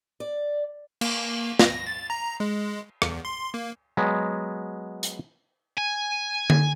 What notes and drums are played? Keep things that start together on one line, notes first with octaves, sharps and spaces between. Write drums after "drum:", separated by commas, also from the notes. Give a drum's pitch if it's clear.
D5
A#3, drum: cymbal
A#6, drum: snare
A6
A#5
G#3
E2, drum: rim click
C6
A#3
F#3 G#3 B3
drum: hi-hat
G#5
drum: tom D3